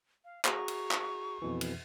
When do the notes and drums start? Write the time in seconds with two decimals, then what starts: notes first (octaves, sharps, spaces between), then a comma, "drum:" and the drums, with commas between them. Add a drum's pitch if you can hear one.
0.25 F5
0.45 F#4 G#4 A#5 C#6, drum: clap
0.68 drum: cymbal
0.91 drum: clap
1.42 F2 B2 E3
1.61 drum: cymbal